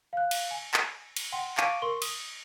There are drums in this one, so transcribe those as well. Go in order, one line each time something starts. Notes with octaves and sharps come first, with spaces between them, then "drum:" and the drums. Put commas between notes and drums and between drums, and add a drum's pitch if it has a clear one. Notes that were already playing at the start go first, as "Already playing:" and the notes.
F5 F#6
drum: cymbal
G#5
drum: clap
drum: cymbal
F#5 G5 C6
F5 A5 C#6 D6 D7 D#7, drum: clap
A#4 C6 C#6 G7
D#6, drum: cymbal